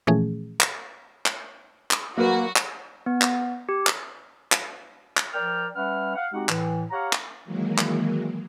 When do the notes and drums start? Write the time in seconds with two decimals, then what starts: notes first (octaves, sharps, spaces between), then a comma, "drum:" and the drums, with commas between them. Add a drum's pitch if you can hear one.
0.07 A#2 E3 F3 A3 C#4 G#4
0.60 drum: clap
1.26 drum: clap
1.91 drum: clap
2.17 F#3 A#3 F#4 A#4 B4
2.56 drum: clap
3.06 B3
3.21 drum: clap
3.69 G4
3.87 drum: clap
4.52 drum: clap
5.17 drum: clap
5.33 F3 A#4 D5 G5 F6
5.74 G3 C#4 B4 E5 F#5 F6
6.15 F5 F#5
6.33 G#3 C4 D#4 F#4 G4 F#5
6.49 A2 E3, drum: clap
6.91 G4 C#5 F5 F#5 A#5
7.13 drum: clap
7.45 D#3 E3 F#3 G#3 A#3
7.78 drum: clap